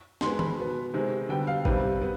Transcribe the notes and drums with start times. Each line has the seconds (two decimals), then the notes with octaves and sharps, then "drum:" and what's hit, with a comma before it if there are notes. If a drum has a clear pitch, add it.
0.21 D#3 G#3 B3 C6, drum: snare
0.39 B5, drum: tom D#3
0.58 B2 B3
0.94 C3 D#3 G#3 C4
1.29 D3 G3 B3 G5
1.47 F5
1.65 C3 D#3 G3 C4 B4, drum: kick
2.02 B3